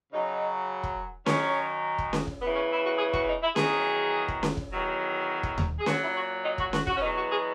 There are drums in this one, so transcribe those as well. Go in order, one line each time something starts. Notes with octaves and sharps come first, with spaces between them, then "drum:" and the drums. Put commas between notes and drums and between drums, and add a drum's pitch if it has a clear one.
F#2 C#3 F#3 D#4
drum: kick
F#2 D#3 F#3 C#4, drum: snare C#4
drum: kick
drum: snare C#4
drum: kick
E2 C#3 E3 B3
C#4
E4
F#4
G#4
F#4, drum: kick
D#4
E4
E2 D#3 F#3 G#4, drum: snare C#4
drum: kick
drum: snare C#4
drum: kick
E2 D#3 F#3
drum: kick
drum: tom D#2
G#4
A#2 F#3 F#4, drum: snare C#4
E4
F#4
D#4
F#4, drum: kick
F#4, drum: snare C#4
F#4, drum: kick
C#4
E2 B2 F#3 D#4
F#4
G#4